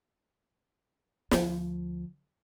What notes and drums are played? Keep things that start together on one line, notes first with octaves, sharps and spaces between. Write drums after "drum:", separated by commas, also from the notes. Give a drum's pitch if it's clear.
D2 F3, drum: snare